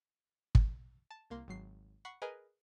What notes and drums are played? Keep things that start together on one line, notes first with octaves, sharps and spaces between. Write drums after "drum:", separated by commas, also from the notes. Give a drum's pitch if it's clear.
drum: kick
A5
C2 A#3 C6
G#1 F#3 C7
F#5 B5 C#6 C7
G#4 A#4 B4 D#5 G#5 A#5